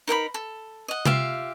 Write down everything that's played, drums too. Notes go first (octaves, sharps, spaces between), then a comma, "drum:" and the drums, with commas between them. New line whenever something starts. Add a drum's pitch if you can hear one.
D#4 A#4 G5 B5
A4
D#5 F#5
F4 G4 E5 F5, drum: tom C3